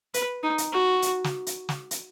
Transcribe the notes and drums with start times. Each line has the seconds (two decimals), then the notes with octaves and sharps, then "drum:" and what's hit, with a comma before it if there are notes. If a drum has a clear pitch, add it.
0.14 B4, drum: hi-hat
0.43 D#4
0.58 drum: hi-hat
0.73 F#4
1.02 drum: hi-hat
1.24 drum: snare
1.47 drum: hi-hat
1.69 drum: snare
1.91 drum: hi-hat